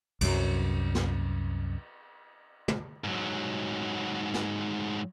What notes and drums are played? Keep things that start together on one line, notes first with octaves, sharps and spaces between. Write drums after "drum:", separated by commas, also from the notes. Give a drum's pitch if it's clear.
C2 F#2 F#3, drum: cymbal
drum: snare
drum: tom
G#2 F#3
drum: snare